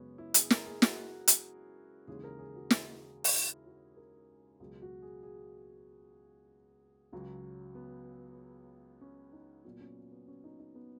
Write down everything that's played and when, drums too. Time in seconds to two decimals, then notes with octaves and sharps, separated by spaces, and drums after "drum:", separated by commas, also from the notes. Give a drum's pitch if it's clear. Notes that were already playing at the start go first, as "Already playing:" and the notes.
Already playing: F#2 C#3 G#3 B3 C#4
0.18 E4
0.34 G#4, drum: hi-hat
0.50 A#4, drum: snare
0.66 G#4
0.82 F#4, drum: snare
1.28 drum: hi-hat
2.07 D#2 C#3 E3 G#3 G#4
2.24 A#4
2.39 G#4
2.56 F#4
2.70 drum: snare
3.24 drum: open hi-hat
3.34 E4
3.66 F#4
3.97 A#4
4.60 C#2 B2 F#3 G#4
4.82 F#4
5.02 G#4
5.23 G#4
7.12 C#2 C#3 F#3
7.75 B3
9.01 C#4
9.33 D#4
9.64 A#2 F#3 B3
9.80 C#4
10.12 B3
10.28 C#4
10.44 D#4
10.59 D#4
10.75 B3